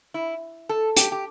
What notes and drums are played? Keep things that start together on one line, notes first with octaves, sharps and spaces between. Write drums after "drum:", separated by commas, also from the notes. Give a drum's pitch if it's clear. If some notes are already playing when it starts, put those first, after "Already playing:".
E4
A4
G4, drum: hi-hat
G4